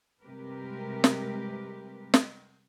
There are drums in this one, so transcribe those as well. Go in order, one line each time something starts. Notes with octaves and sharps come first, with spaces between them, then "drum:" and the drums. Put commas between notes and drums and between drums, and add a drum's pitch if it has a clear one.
C3 G3 G#3 G4 A#4 B4
drum: snare
drum: snare